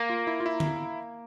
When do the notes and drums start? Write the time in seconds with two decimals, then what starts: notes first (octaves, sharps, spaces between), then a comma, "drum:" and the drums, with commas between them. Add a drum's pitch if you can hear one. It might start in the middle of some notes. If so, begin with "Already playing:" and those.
Already playing: A#3
0.10 F4
0.27 E4
0.40 F4
0.46 E4
0.60 drum: tom D3